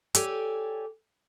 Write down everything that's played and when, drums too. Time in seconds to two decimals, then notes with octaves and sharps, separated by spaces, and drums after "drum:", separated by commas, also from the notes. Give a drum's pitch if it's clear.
0.15 G4 A4 C#5 D5 G5 G#5, drum: hi-hat